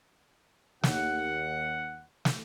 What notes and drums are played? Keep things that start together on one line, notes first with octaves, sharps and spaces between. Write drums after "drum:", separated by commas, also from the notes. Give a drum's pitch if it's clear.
D#2 F#5, drum: snare
drum: snare